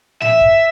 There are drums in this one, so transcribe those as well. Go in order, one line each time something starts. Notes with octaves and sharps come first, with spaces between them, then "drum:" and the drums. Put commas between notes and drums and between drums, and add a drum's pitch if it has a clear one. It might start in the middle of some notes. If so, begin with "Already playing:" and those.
E5, drum: tom G#2
drum: kick